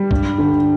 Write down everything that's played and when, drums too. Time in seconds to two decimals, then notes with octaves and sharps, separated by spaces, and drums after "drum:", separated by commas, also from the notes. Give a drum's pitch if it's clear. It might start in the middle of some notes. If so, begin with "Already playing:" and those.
Already playing: G3
0.11 G2, drum: kick
0.38 D3